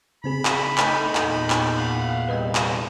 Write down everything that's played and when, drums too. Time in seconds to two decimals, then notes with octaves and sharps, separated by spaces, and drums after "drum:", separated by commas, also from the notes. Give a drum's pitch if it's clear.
0.24 C#3 C4 G#4 B5
0.45 drum: clap
0.78 A3 D#4 D#5, drum: clap
1.15 E2 A#2, drum: clap
1.50 drum: clap
1.79 F5 F#5
2.29 C2 B4 D#5 G5
2.55 drum: clap